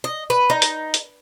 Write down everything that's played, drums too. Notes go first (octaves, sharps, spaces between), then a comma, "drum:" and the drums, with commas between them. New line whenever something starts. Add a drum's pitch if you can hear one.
D#5
B4
D#4
drum: hi-hat
drum: hi-hat